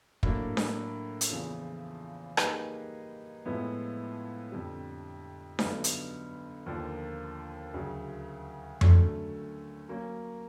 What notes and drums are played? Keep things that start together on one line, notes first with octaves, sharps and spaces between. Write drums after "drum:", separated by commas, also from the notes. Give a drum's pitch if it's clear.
A2 F#3 A#3 D4, drum: kick
drum: snare D4
drum: hi-hat
E2 C#3 F3
G3 A#3 D#4 G#4 B4, drum: rim click
A2 F3 G#3 B3 E4
F2 D3 G3
G2 D3 F#3 B3 D#4, drum: snare D4
drum: hi-hat
D#2 D3 F3 A#3
D2 C#3 F#3
D3 F#3 A3 C#4, drum: tom F2
F#3 A#3 C#4